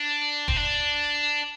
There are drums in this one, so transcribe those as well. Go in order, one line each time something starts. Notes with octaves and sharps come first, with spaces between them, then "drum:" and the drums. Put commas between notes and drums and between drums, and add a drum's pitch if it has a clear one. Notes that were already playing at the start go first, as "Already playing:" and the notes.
Already playing: D4
C4, drum: kick
D4